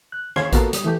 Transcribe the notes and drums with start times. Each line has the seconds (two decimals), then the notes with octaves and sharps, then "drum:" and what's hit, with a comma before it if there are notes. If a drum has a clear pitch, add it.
0.12 F#6
0.36 D#2 C#4 F5 C6 G#6, drum: rim click
0.52 A#3 B3 F4 F#4 A4 A#4, drum: kick, hi-hat
0.73 G3 D#6, drum: hi-hat
0.84 E3 A3 G4